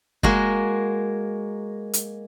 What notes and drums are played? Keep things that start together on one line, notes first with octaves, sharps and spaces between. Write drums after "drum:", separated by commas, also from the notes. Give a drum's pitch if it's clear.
G#3 A#3 F#4, drum: kick
drum: hi-hat